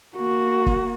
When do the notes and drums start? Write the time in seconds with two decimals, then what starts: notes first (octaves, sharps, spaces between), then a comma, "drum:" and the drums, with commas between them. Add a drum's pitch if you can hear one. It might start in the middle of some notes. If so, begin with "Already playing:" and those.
0.17 A#3 F#4
0.66 drum: kick